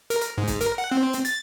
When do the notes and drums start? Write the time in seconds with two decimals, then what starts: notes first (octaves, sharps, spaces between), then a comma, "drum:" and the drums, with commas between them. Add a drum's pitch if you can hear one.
0.10 A#4, drum: hi-hat
0.21 drum: hi-hat
0.38 G#2
0.48 drum: kick, hi-hat
0.61 A#4, drum: hi-hat
0.78 F#5
0.91 C4
1.13 drum: hi-hat
1.25 A6, drum: hi-hat